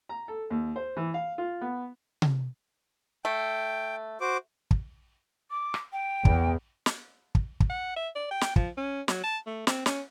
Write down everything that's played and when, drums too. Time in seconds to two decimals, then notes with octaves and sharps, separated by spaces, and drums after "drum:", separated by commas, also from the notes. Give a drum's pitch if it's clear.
0.09 A#5
0.28 A4
0.50 D#2
0.76 C5
0.97 E3
1.14 F5
1.38 F4
1.61 B3
2.22 drum: tom C3
3.25 A3 G5
4.21 F#4 C5 D6
4.71 drum: kick
5.50 D6
5.74 drum: rim click
5.92 G5
6.25 E2, drum: kick
6.86 drum: snare
7.35 drum: kick
7.60 drum: kick
7.69 F#5
7.96 E5
8.15 D5
8.31 G5
8.41 drum: snare
8.56 F3, drum: kick
8.77 C#4
9.08 F#3, drum: snare
9.24 A5
9.47 A3
9.67 C4, drum: snare
9.86 C#4, drum: snare